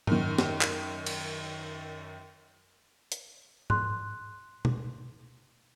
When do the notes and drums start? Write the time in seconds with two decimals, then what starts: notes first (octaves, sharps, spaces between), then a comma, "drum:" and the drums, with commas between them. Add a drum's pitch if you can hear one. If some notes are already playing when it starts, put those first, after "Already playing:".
0.07 F#2 D#3, drum: tom G#2
0.38 drum: snare
0.61 drum: clap
1.06 drum: cymbal
3.12 drum: hi-hat
3.70 C6 F#6, drum: tom G#2
4.65 drum: tom B2